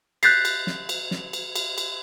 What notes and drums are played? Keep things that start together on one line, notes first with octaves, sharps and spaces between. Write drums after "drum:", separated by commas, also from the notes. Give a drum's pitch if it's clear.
F#6 G6 A6 B6 C7, drum: cymbal
drum: cymbal
drum: snare
drum: cymbal
drum: snare
drum: cymbal
drum: cymbal
drum: cymbal